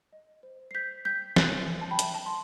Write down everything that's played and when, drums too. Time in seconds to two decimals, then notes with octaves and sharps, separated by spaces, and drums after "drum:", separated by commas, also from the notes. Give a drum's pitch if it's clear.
0.13 D#5
0.43 C5
0.71 C7
0.75 C5 G6 B6
1.05 G5 G6 B6
1.36 C5 F#6 A6, drum: snare
1.67 C5
1.81 A5
1.91 G5 B5
1.99 E5, drum: hi-hat
2.14 A5
2.26 C6